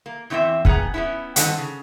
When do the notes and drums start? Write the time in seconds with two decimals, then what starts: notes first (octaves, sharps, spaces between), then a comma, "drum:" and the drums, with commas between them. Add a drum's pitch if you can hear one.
0.06 A#3
0.30 E2 E3 C4 C5 E5
0.65 F2 B3 G#4 F#5 A#5, drum: kick
0.94 B3 C#4 E4
1.36 G2 D#3 C4 A4 F#5, drum: hi-hat
1.58 C#3